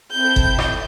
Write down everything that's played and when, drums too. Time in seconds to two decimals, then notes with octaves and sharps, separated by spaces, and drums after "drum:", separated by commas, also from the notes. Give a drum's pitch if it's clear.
0.14 C4 E4 A4 G6
0.36 drum: kick G1
0.58 drum: rim click